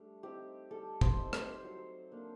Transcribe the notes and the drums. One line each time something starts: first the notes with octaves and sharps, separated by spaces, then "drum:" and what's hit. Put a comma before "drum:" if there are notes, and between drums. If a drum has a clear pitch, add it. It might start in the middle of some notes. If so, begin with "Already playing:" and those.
Already playing: G3 A3 D4
C4 D#4 G4
G3 A4
C5, drum: kick
C4 D#4
C5, drum: rim click
F#3
A#3 D4